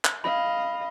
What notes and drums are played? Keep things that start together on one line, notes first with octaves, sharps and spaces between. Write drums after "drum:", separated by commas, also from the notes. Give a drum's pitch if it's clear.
drum: clap
D#5 F5 B5